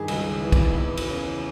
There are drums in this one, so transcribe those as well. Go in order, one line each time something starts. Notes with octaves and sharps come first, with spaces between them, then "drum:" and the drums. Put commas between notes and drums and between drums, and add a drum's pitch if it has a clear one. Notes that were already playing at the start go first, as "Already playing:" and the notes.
Already playing: G2 D#3 G#4
C#2, drum: cymbal
E3
drum: kick, cymbal
E2
drum: cymbal
C#3